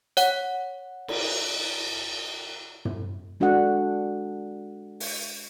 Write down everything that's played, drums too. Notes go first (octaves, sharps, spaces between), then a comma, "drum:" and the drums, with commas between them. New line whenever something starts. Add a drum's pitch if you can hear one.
C#5 F#5, drum: hi-hat
drum: cymbal
drum: tom
G#3 D4 F#4 A4 F#5
drum: open hi-hat